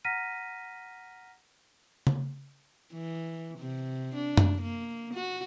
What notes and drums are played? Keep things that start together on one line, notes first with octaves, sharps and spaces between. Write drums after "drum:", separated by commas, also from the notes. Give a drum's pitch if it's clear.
F#5 A#5 F6 A#6 B6 D#7
drum: tom C#3
E3
C3
D4
drum: tom F#2
A#3
F#4